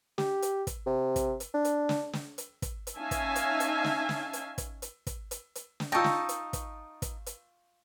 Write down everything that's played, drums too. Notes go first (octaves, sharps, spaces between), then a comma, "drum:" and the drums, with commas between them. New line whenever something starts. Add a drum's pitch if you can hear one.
G4, drum: snare
drum: hi-hat
drum: kick, hi-hat
C3
drum: kick, hi-hat
drum: hi-hat
D4
drum: hi-hat
drum: snare
drum: snare
drum: hi-hat
drum: kick, hi-hat
drum: hi-hat
C#4 D#4 E5 F5 G#5 A5
drum: kick, hi-hat
drum: hi-hat
drum: hi-hat
drum: snare
drum: snare
drum: hi-hat
drum: kick, hi-hat
drum: hi-hat
drum: kick, hi-hat
drum: hi-hat
drum: hi-hat
drum: snare
D#4 F4 D#5 G5 A5 C#6 E6
drum: snare
drum: hi-hat
drum: kick, hi-hat
drum: kick, hi-hat
drum: hi-hat